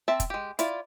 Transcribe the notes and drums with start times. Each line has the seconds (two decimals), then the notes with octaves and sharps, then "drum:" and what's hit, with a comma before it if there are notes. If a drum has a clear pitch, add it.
0.08 C4 E5 A5
0.20 drum: kick, hi-hat
0.30 G#3 G4
0.59 E4 F4 D5, drum: hi-hat